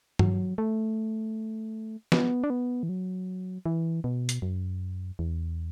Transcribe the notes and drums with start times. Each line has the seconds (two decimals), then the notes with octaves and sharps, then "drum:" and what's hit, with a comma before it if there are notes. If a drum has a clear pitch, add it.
0.19 F#3, drum: tom G2
0.58 A3
2.12 B3, drum: snare
2.44 D4
2.50 B3
2.83 E3
2.89 F#3
3.66 E3
4.04 B2
4.29 drum: hi-hat
4.42 F#2
5.19 E2